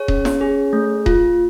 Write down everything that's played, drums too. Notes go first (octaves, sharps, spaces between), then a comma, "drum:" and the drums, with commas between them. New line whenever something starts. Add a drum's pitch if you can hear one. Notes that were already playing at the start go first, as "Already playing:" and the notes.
Already playing: G#4 C#5
C#4, drum: kick D#1
drum: snare
G#4
A3
F4, drum: kick D#1